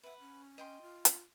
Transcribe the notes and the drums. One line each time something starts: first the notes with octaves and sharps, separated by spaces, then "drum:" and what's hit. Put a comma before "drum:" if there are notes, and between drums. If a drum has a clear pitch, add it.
B4 E5 F#5
C#4
D#5 G5 C6
F4
drum: hi-hat